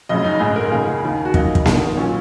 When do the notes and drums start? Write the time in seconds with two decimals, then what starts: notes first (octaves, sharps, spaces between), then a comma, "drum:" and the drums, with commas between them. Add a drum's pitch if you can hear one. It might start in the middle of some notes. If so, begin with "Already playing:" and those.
0.09 F#1 F#2 C#3 D#5
0.24 D#4
0.40 A#1 G#2 G#3 G#4
0.56 A#4
0.71 C#2 C#3 A#3 G#4
1.04 D#2 D#3 A#3
1.25 F#4
1.34 C#2 C#3 F#3 A#3 D#4, drum: kick
1.55 drum: kick
1.66 G#1 F#2 D#3, drum: snare A#3
1.97 A#2 F#3 C#4